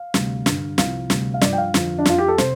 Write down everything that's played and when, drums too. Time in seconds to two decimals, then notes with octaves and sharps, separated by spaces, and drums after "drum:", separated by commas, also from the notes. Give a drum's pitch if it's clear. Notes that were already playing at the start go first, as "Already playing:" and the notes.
Already playing: F5
0.14 D2 C3 G3, drum: snare
0.46 G2 D3 G3, drum: snare
0.78 C2 C3 F3 F5, drum: snare
1.10 D2 C3 G3, drum: snare
1.34 F5
1.41 G2 F3 D5, drum: snare
1.53 G5
1.58 F5
1.74 F2 D3 F3, drum: snare
1.98 D4
2.05 F2 F3 F4, drum: snare
2.18 G4
2.28 A4
2.38 C3 C5, drum: snare